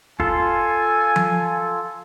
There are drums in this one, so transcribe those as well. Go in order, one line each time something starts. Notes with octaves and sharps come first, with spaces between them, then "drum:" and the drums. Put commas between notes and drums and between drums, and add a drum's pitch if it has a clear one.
F4 A4 G#5, drum: kick F1
drum: tom F3